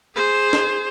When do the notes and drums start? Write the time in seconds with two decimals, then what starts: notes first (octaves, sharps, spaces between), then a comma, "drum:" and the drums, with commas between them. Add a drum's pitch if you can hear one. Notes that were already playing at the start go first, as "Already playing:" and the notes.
0.15 G#4 C5
0.53 drum: snare